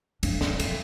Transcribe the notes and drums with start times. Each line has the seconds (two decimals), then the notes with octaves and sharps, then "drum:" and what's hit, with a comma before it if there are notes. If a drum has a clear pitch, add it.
0.23 D4, drum: cymbal
0.41 C4, drum: snare
0.60 A#3, drum: cymbal